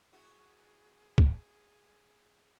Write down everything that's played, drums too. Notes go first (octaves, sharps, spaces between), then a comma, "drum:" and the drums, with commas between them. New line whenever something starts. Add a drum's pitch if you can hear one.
B3 E4 F#4 G#4
drum: kick